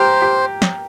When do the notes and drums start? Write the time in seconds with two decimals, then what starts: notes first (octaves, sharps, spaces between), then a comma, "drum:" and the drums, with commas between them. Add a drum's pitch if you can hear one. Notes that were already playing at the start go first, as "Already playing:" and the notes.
Already playing: G4 A#4 C5
0.22 G4
0.62 drum: snare